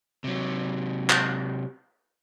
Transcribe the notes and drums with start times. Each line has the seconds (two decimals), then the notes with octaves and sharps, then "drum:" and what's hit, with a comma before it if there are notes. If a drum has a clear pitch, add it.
0.24 C3 F#3
1.10 drum: clap